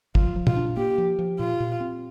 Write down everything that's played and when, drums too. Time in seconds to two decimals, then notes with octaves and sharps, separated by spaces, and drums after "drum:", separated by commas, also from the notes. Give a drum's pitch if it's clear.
0.15 F3 F4, drum: kick
0.36 F3
0.47 F4, drum: tom
0.56 D4
0.77 A#3 G4
0.98 F3
1.19 F3
1.39 A#2 F4
1.60 A#2
1.80 C4